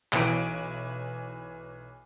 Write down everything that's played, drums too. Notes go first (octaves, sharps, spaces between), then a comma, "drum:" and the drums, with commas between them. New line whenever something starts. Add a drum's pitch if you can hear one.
B1 E3 D7, drum: clap